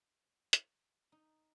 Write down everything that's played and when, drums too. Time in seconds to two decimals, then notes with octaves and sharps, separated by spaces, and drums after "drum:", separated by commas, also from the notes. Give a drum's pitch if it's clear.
0.53 drum: hi-hat
1.12 D#4